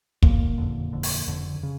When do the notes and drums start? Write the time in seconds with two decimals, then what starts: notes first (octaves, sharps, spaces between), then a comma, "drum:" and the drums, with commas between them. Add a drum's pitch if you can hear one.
0.22 F#1 F2 A#2 D3 A#3, drum: kick
0.58 F#1 F2 D3
0.92 F#1 F2 D3
1.03 drum: open hi-hat
1.28 F#1 F2 D3
1.63 C#3